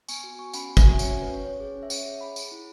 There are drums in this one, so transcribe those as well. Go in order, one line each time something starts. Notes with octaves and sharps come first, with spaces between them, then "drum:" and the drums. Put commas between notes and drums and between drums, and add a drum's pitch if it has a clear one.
B3 G#5 C#6, drum: tambourine
F#4
B3 G#5 C#6
C#4 F#5 B5, drum: tambourine
F#4
E5 G#5, drum: kick, tambourine
F#4
G#5
C#4 C#5 F#5, drum: tambourine
C#4 C#5
B4
C#4 C#5
C#4 C#5
G#4
C#4
E5
C#4 C#5 F#5, drum: tambourine
G#4
G#4 F#5 B5
G#4, drum: tambourine
E4